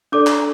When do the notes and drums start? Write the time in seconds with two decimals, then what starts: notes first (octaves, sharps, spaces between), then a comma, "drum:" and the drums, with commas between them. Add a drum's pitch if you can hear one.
0.12 D4 A4 D5 D6
0.27 drum: clap